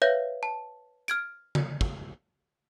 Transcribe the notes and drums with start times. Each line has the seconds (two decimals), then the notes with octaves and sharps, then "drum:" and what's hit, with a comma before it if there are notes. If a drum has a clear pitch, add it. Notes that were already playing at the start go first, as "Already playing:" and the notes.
0.02 B4 C#5 E5 F5 G6 A#6
0.43 A5
1.08 F6 G#6 D7, drum: hi-hat
1.55 drum: tom C#3
1.81 drum: kick